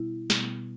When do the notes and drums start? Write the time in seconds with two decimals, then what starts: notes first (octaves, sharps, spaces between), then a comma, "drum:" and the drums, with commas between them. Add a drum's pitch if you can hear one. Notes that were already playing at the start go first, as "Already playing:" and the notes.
Already playing: B2 G3 B3 E4
0.30 B2 G3 B3, drum: snare